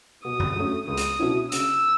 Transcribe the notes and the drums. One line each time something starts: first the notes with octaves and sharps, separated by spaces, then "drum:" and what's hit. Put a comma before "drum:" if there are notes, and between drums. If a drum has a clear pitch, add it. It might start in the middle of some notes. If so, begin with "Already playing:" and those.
B2 D#6
drum: tom F#2
F#3 A3 C#4
C#2 D#6
drum: hi-hat
B2 F#3 C#4 E4
C#3 E6, drum: hi-hat